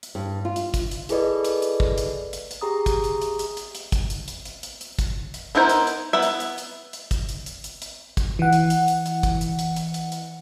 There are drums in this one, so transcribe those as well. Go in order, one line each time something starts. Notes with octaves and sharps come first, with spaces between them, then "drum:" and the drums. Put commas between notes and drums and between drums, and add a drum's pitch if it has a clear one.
drum: hi-hat
G2
F4
drum: hi-hat
drum: kick, hi-hat
drum: hi-hat
E4 G#4 A4 B4 D5 D#5, drum: hi-hat
drum: hi-hat
drum: hi-hat
drum: kick
drum: hi-hat
drum: hi-hat
drum: hi-hat
G4 G#4 A#5 D#6
drum: kick, hi-hat
drum: hi-hat
drum: hi-hat
drum: hi-hat
drum: hi-hat
drum: hi-hat
drum: kick, hi-hat
drum: hi-hat
drum: hi-hat
drum: hi-hat
drum: hi-hat
drum: hi-hat
drum: kick, hi-hat
drum: hi-hat
B3 D#4 E4 A#4 C5
drum: hi-hat
drum: hi-hat
B3 E4 E5
drum: hi-hat
drum: hi-hat
drum: hi-hat
drum: hi-hat
drum: kick, hi-hat
drum: hi-hat
drum: hi-hat
drum: hi-hat
drum: hi-hat
drum: kick, hi-hat
E3 F#5
drum: hi-hat
drum: hi-hat
drum: hi-hat
drum: hi-hat
drum: kick, hi-hat
drum: hi-hat
drum: hi-hat
drum: hi-hat
drum: hi-hat
drum: hi-hat